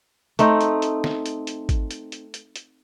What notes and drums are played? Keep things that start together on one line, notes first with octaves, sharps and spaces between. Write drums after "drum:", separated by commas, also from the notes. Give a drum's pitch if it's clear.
A3 C4 D#4, drum: hi-hat
drum: hi-hat
drum: hi-hat
drum: snare
drum: hi-hat
drum: hi-hat
drum: kick G#1, hi-hat
drum: hi-hat
drum: hi-hat
drum: hi-hat
drum: hi-hat